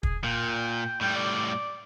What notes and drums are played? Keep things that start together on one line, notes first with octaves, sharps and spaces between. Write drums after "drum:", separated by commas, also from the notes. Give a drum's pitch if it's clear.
G#4, drum: kick
A#2 G5
A2 G3 G5
D5